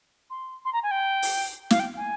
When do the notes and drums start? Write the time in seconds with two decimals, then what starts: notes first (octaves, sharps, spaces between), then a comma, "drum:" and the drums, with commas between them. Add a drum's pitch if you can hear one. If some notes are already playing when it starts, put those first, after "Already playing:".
0.30 C6
0.65 C6
0.73 A#5
0.83 G#5
0.91 G5
1.22 drum: open hi-hat
1.70 F5, drum: snare
1.80 G5
1.97 G#5